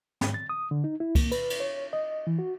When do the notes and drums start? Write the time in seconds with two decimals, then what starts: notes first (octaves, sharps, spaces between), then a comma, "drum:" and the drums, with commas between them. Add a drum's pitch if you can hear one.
0.21 G#2, drum: snare
0.34 A6
0.50 D#6
0.71 D3
0.84 D#4
1.00 E4
1.15 A#3, drum: kick, cymbal
1.32 B4, drum: cymbal
1.50 drum: cymbal
1.60 C#5
1.93 D#5
2.27 E3
2.39 F#4